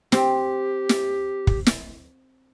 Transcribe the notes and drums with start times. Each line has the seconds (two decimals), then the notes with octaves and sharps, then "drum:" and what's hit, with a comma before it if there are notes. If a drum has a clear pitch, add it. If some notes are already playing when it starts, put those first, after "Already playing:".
0.12 C4 G4, drum: snare
0.89 drum: snare
1.47 drum: kick
1.66 drum: snare